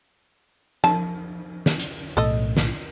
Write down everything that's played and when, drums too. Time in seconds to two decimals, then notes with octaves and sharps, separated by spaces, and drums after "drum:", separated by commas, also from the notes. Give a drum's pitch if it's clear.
0.84 A5, drum: tom F3
1.66 drum: snare
1.80 drum: hi-hat
2.17 B1 A2 A4 D#5
2.57 drum: snare